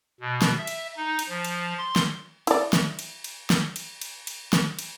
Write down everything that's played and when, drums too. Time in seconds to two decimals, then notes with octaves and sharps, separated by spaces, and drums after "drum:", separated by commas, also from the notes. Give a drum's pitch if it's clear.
0.20 B2
0.42 drum: snare
0.58 E5
0.67 drum: cymbal
0.97 D#4
1.19 drum: cymbal
1.29 F3
1.45 drum: cymbal
1.78 C6
1.96 drum: snare
2.47 E4 D5, drum: cymbal
2.73 drum: snare
2.99 drum: cymbal
3.24 drum: cymbal
3.50 drum: snare
3.76 drum: cymbal
4.01 drum: cymbal
4.27 drum: cymbal
4.53 drum: snare
4.79 drum: cymbal